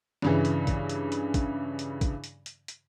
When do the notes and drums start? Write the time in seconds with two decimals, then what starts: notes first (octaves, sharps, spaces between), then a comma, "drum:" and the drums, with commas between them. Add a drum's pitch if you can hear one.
0.22 G2 C#3 E3, drum: snare
0.45 drum: hi-hat
0.67 drum: kick, hi-hat
0.89 drum: hi-hat
1.12 drum: hi-hat
1.34 drum: kick, hi-hat
1.79 drum: hi-hat
2.01 drum: kick, hi-hat
2.24 drum: hi-hat
2.46 drum: hi-hat
2.68 drum: hi-hat